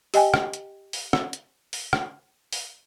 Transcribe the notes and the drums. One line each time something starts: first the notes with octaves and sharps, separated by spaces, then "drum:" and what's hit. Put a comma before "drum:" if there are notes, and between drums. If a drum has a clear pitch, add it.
G4 D#5 G5 G#5, drum: open hi-hat
drum: rim click
drum: hi-hat
drum: open hi-hat
drum: rim click
drum: hi-hat
drum: open hi-hat
drum: rim click
drum: open hi-hat